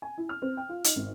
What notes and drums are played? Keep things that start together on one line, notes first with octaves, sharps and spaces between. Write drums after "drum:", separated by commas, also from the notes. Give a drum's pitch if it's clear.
G#5
E4
F6
C4
G5
F4
D#4, drum: hi-hat
G#1